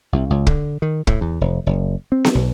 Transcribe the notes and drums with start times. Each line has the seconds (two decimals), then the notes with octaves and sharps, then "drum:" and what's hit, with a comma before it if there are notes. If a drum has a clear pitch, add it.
0.13 C2
0.30 C#2
0.47 D3, drum: kick
0.82 D#3
1.07 A2, drum: kick
1.21 E2
1.41 F1
1.67 F#1
2.12 C4
2.24 drum: snare B3
2.35 B1